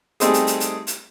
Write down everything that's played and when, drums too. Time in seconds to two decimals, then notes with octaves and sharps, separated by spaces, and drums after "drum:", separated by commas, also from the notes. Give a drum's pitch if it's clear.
0.20 G3 A3 C4 D#4 G#4, drum: hi-hat
0.33 drum: hi-hat
0.47 drum: hi-hat
0.60 drum: hi-hat
0.87 drum: hi-hat